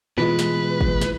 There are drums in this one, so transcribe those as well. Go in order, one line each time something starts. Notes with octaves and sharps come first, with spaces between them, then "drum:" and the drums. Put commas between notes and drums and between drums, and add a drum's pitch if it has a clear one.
B2 E3 G#3 F4 B4
drum: snare
drum: kick
drum: snare